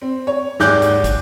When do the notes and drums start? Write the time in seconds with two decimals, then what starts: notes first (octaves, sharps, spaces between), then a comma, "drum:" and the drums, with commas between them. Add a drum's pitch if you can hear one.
0.02 C4
0.27 C#5
0.60 G#1 D#2 G#4 D6 F#6 G6, drum: snare
0.82 drum: hi-hat
1.04 drum: kick, hi-hat